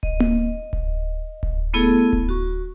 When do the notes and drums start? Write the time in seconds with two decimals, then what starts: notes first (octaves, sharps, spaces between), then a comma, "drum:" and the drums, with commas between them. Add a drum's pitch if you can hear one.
0.03 D#5, drum: kick D1
0.20 drum: tom A#3
0.73 drum: kick D1
1.43 drum: kick D1
1.74 A3 B3 E4 G#4 A4
2.13 drum: kick D1
2.29 F#4 C#6